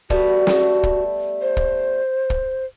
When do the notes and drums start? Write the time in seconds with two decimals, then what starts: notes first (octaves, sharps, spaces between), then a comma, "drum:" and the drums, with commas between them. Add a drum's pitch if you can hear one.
0.10 G3 A3 B3 F#4, drum: kick
0.47 drum: snare
0.83 drum: kick
1.42 C5
1.57 drum: kick
2.30 drum: kick